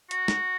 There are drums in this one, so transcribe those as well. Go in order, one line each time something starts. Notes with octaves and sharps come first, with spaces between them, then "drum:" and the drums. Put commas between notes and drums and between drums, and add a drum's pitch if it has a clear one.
F#4, drum: hi-hat
drum: snare